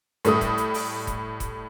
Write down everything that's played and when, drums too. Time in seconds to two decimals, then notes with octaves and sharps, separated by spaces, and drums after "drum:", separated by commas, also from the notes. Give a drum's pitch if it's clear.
0.25 A2 G3 A3 D#6, drum: hi-hat
0.41 drum: kick E1, hi-hat
0.58 drum: hi-hat
0.74 drum: open hi-hat
1.07 drum: kick E1, hi-hat
1.40 drum: kick E1, hi-hat